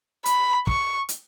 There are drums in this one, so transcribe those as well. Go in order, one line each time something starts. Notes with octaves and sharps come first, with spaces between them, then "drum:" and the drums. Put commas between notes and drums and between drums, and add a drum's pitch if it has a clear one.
B5, drum: hi-hat
C#6, drum: kick
drum: hi-hat